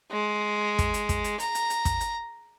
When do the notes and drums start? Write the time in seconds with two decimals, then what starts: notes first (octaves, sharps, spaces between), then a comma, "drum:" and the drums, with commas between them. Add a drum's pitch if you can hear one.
0.11 G#3
0.79 drum: kick, hi-hat
0.94 drum: hi-hat
1.09 drum: kick, hi-hat
1.24 drum: hi-hat
1.40 A#5, drum: hi-hat
1.55 drum: hi-hat
1.70 drum: hi-hat
1.85 drum: kick, hi-hat
2.01 drum: hi-hat